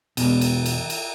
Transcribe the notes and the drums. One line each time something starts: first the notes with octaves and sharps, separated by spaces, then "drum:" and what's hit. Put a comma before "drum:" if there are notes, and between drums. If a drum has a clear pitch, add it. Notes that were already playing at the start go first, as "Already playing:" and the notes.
E2 B2, drum: cymbal
drum: cymbal
drum: cymbal
drum: cymbal